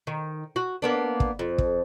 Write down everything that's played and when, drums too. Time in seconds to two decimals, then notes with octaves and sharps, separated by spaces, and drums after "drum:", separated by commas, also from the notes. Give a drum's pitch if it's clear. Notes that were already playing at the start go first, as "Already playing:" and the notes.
0.07 D#3
0.56 F#4
0.82 A#3 B3 D4
1.20 drum: kick
1.39 F2
1.58 drum: kick